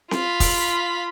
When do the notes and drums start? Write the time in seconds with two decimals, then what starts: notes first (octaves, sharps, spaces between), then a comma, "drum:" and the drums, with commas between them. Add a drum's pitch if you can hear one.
0.11 F4 B5, drum: snare C4
0.40 drum: kick, open hi-hat